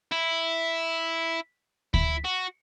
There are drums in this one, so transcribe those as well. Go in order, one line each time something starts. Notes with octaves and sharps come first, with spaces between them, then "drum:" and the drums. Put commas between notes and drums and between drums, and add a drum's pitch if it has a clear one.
E4
E4, drum: kick D2
F#4